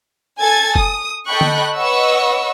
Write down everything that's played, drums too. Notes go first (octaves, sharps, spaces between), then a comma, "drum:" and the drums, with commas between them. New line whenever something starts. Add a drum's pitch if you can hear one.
A4 G#5 G#6 A6
D#6, drum: kick F1
A4 D#5 G5 B5 C#6 F#6
drum: tom D3
B4 C#5 D#5 F#5 C#6 E6